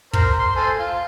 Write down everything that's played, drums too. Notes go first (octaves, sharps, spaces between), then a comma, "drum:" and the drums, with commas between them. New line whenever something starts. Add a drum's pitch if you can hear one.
A#4 C5, drum: kick
C6
A4 C5 G#5
F4